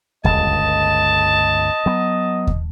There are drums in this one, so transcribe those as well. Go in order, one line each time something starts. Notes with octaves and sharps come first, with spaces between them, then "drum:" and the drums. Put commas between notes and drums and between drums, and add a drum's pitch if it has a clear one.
G1 C#2 D#5 A5, drum: kick D#2
F#3 B3
drum: kick D#2